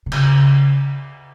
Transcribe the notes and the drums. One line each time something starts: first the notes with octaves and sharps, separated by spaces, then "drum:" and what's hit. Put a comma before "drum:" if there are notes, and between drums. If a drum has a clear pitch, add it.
D3
C#3, drum: cymbal